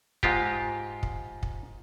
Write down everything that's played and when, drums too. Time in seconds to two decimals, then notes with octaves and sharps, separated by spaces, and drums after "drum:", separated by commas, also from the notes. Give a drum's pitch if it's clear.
0.23 G#2 G#3 F4 G4, drum: kick
1.03 drum: kick
1.43 drum: kick